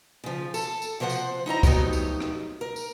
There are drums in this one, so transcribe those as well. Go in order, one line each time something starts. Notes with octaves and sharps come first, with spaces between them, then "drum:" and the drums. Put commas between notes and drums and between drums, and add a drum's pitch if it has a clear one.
C#3 F3
A4, drum: tambourine
drum: tambourine
C3 F3 C5 C#5 F#5
drum: tambourine
D#4 E4 D#5 A#5
F3 F#3 A3 B3 D#4 G4, drum: kick C#2, tambourine
drum: tambourine
drum: rim click
A#4
drum: tambourine